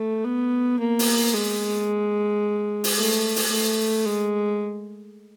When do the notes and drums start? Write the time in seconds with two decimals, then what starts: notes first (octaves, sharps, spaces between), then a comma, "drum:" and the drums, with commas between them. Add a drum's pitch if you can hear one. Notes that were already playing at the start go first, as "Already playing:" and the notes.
Already playing: A3
0.24 B3
0.80 A#3
0.99 drum: open hi-hat
1.34 G#3
2.84 drum: open hi-hat
2.97 A3
3.36 drum: open hi-hat
3.51 A3
4.06 G#3